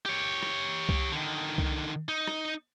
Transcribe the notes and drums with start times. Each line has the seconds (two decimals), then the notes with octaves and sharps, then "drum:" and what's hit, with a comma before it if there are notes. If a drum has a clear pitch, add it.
0.06 G4 C#5
0.43 drum: rim click
0.89 drum: kick C2
1.12 D3 D#3
1.58 drum: kick C2
2.09 D#4
2.27 drum: rim click